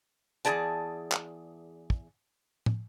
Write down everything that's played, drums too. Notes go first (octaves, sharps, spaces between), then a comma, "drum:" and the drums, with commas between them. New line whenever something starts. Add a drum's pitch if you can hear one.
E2 A#3 G#4 D5 A5, drum: hi-hat
drum: clap
drum: kick
drum: tom